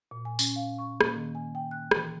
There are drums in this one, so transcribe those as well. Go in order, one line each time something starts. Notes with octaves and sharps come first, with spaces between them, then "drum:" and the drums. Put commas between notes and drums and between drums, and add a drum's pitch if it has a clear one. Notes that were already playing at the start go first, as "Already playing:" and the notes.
A#2
G#5
C#4, drum: tambourine
F5
C#6
A#3, drum: rim click
D#3
G#5
G5
F#6
E3, drum: rim click